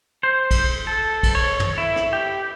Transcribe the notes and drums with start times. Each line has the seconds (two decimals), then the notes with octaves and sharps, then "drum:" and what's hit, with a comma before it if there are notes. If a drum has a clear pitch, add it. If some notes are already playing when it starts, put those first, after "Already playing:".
0.23 C5
0.51 drum: kick, cymbal
0.87 A4
1.23 drum: kick, cymbal
1.35 C#5
1.60 drum: tom
1.78 E4
1.96 drum: rim click
2.13 G4